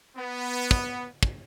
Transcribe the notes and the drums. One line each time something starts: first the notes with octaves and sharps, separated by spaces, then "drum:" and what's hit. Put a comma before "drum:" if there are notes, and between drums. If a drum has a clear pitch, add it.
B3
drum: kick
drum: kick